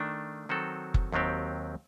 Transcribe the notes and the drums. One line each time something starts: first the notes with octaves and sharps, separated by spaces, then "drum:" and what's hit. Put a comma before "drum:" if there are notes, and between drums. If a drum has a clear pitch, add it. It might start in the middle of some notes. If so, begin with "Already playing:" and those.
Already playing: D#3 A3 D4
D#3 F#3 C4 F#4 A4
drum: kick F#1
D#2 D#3 F#3 C4 G4